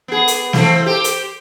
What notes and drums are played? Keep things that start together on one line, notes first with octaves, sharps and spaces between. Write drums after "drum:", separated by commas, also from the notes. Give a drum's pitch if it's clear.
B3 G#4
drum: hi-hat
E3 A3 C4, drum: snare
G4 C5
drum: hi-hat